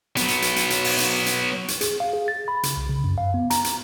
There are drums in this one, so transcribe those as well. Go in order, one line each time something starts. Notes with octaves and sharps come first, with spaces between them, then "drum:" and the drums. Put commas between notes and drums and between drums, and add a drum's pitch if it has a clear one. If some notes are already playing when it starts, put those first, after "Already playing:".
F#3 B3, drum: hi-hat
drum: hi-hat
drum: hi-hat
drum: hi-hat
drum: hi-hat
drum: open hi-hat
drum: hi-hat
drum: hi-hat
drum: hi-hat
G#4, drum: hi-hat
F5
G#4
A6
B5
C#3, drum: hi-hat
C2
C#3
F#2
F5
B3
A#5, drum: hi-hat
drum: hi-hat